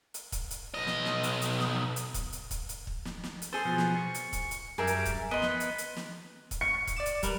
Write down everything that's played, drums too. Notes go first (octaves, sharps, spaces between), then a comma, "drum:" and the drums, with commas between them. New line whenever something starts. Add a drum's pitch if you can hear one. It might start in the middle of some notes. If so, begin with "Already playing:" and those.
drum: hi-hat
drum: kick, hi-hat
drum: hi-hat
B1 D#5
drum: snare
drum: snare
drum: hi-hat
drum: hi-hat
drum: snare
drum: hi-hat
drum: kick, hi-hat
drum: hi-hat
drum: kick, hi-hat
drum: hi-hat
drum: kick
drum: snare
drum: snare
drum: hi-hat
G#4 A4 C5
B2 F3
drum: snare
C#6
drum: hi-hat
drum: kick, hi-hat
drum: hi-hat
F#2 G3 G#4 A#4 E5 D6
drum: hi-hat
drum: kick, hi-hat
B3 B4 D#5 C6
drum: snare
drum: hi-hat
drum: hi-hat
drum: snare
drum: kick, hi-hat
C#6 C#7
drum: kick, hi-hat
D5 D6 E7
drum: hi-hat
G3 A#4 B4, drum: kick, hi-hat